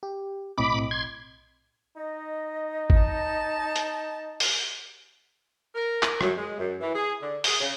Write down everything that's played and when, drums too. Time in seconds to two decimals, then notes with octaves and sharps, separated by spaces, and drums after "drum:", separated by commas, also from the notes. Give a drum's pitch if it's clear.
0.03 G4
0.58 B1 A2 C4 D#5 B5 D6
0.91 C6 G#6
1.96 D#4 D#5
2.90 drum: kick G#1
3.00 A5
3.76 drum: hi-hat
4.40 drum: open hi-hat
5.75 A#4
6.03 drum: clap
6.21 F#2, drum: rim click
6.37 G#3
6.58 F#2
6.79 E3
6.94 G#4
7.20 D3
7.44 G#4, drum: open hi-hat
7.59 C#3